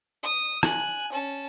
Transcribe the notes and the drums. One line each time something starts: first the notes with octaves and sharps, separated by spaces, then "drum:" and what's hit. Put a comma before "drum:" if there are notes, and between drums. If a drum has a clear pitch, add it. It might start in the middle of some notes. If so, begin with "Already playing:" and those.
D#6
G#5 F#6, drum: rim click
C#4 A5